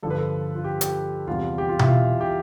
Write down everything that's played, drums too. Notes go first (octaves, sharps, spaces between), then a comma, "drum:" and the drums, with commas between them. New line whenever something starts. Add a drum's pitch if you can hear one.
G2 D3 F3 A4
B4
A4
F4
G4
G4, drum: hi-hat
E2 C3 G3 F4
G4
F4
E4, drum: tom B2
F4
G4